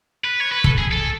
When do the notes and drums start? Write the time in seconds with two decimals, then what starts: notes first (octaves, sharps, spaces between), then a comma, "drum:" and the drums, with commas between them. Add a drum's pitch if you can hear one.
0.24 B4
0.40 C#5
0.52 B4
0.64 A4, drum: kick
0.78 G#4
0.92 A4